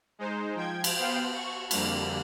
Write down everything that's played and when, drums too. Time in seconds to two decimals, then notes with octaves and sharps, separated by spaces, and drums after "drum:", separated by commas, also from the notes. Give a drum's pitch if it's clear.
0.19 G#3 D#4 C5
0.55 F3 G5 G#6
0.84 drum: cymbal
0.95 B3 C5 F5 G5
1.35 C#6
1.71 F2 D3 G3 A#3, drum: cymbal